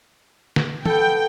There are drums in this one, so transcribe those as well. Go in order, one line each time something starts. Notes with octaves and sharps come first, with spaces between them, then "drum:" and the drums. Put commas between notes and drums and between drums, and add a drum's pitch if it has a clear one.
drum: snare
B3 A4 G5, drum: tom